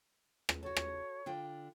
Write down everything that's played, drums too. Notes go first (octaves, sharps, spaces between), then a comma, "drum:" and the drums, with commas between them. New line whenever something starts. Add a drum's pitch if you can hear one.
drum: rim click
F#4 A4 C#5
drum: rim click
D3 F4 G5